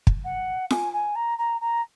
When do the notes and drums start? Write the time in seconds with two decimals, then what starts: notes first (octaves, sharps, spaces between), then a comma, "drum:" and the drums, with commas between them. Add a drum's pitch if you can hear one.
0.07 drum: kick
0.25 F#5
0.70 G#5, drum: snare F4
0.93 G#5
1.16 A#5
1.38 A#5
1.61 A#5